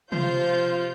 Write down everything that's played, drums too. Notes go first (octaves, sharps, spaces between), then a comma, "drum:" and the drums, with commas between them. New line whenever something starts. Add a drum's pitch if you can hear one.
C3 F3 F4 C5 G6, drum: tom C3